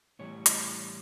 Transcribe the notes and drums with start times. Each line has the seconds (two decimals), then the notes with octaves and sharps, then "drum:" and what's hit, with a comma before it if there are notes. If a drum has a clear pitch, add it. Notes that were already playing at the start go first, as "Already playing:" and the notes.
0.19 A2 E3 G3 C#5
0.46 drum: hi-hat